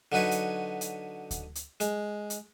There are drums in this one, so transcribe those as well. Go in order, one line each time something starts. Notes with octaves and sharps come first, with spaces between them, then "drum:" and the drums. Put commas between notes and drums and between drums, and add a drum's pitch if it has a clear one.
D3 F#3 D#4 B4 C#5
drum: hi-hat
drum: hi-hat
drum: kick D2, hi-hat
drum: hi-hat
G#3, drum: hi-hat
drum: hi-hat